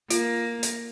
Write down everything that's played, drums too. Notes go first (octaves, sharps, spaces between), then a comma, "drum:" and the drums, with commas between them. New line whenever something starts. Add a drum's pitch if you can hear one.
A#3 F4, drum: hi-hat
drum: hi-hat